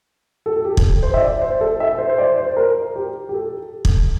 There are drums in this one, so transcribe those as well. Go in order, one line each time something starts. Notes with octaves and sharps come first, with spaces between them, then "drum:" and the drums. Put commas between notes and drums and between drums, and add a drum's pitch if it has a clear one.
A4
A4
G4
drum: kick
C5
E5
D5
C5
A4
E5
C5
C5
D5
C5
C5
A#4
G4
G4
A4
drum: kick